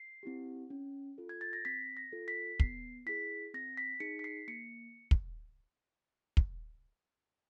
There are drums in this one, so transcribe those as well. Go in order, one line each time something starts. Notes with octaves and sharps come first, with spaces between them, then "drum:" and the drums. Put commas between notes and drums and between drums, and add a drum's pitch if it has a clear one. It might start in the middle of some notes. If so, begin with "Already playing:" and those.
Already playing: C7
C4 E4 G4
C#4
F4 A4
G#6
A6
A#6
C4 B6
A#6
F4 A4
B6
B3 C7, drum: kick
E4 G#4 B6
C4 A#6
B6
D#4 G#4 C#7
B6
C7
A#3 C#7
drum: kick
drum: kick